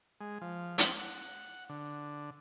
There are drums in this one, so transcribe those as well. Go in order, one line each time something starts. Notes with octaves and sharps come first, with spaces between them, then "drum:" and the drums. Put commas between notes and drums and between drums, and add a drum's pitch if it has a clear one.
G#3
F3
C4, drum: hi-hat
F#5
D3